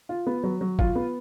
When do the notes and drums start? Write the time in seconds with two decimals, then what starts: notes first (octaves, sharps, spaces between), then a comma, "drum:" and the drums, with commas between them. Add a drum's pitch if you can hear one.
0.09 F4
0.27 B3
0.43 F#3
0.61 F#3
0.79 F4, drum: kick
0.96 B3